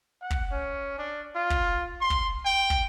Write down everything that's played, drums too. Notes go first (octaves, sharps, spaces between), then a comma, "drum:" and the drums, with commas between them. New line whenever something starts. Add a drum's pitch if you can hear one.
F#5
drum: kick
C#4
D4
F4
drum: kick
C6
drum: kick
G5
drum: kick